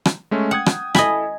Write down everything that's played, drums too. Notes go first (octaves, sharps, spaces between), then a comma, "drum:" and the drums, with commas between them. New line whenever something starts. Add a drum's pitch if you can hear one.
drum: rim click
G#3 A3 C#4
F#5 G5 D#6 G#6
drum: rim click
E4 A4 D#5 G#5 B5, drum: rim click